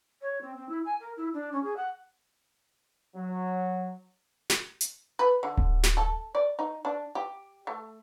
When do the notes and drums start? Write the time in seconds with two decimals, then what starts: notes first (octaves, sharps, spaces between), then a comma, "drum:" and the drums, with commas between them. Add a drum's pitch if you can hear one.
0.21 C#5
0.41 C4
0.56 C4
0.68 E4
0.84 G#5
1.00 A#4
1.16 E4
1.33 D4
1.52 C#4
1.63 G#4
1.76 F#5
3.15 F#3
4.50 drum: snare
4.81 drum: hi-hat
5.19 B4
5.43 D3
5.57 drum: kick D1
5.84 drum: snare
5.97 A4
6.35 D5
6.59 D#4
6.85 D4
7.15 G4
7.67 A3